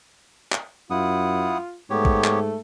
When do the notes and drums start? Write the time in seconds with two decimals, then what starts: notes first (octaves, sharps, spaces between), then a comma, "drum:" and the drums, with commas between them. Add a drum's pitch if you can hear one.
0.52 drum: clap
0.90 F#2 E4 F4 F#5 D#6
1.90 G#2 A3 B3 G4 C#5
2.05 drum: kick A1
2.24 drum: clap